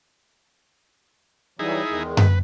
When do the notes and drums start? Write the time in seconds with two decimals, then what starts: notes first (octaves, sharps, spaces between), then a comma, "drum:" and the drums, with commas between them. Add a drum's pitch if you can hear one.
1.59 E3 F#3 G3 D#4 E4 G#4
1.90 E2 D#3 G#3
2.17 B4, drum: tom F#2